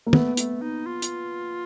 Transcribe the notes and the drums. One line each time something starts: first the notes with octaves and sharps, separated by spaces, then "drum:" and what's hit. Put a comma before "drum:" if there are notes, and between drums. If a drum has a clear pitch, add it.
A#3
A3 B3, drum: tom
A3, drum: hi-hat
D#4
F4
drum: hi-hat